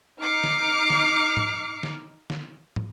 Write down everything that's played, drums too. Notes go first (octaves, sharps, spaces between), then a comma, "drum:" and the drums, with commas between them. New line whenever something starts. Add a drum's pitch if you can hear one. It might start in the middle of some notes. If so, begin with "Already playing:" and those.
D#4 D6 F6 C7 C#7
drum: snare
drum: snare
drum: tom
drum: snare
drum: snare
drum: tom